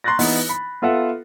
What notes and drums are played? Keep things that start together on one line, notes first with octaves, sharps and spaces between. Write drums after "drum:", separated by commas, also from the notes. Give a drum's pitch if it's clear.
A#5 C6 C#6 F#6 A6 A#6
E3 B3 D#4 E4, drum: open hi-hat
B5
B3 F4 A4 E5 F#5